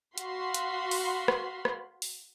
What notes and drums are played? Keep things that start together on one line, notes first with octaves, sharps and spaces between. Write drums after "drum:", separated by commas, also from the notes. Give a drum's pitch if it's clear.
F#4 F5 B5 C6, drum: hi-hat
drum: hi-hat
drum: open hi-hat
drum: rim click
drum: rim click
drum: open hi-hat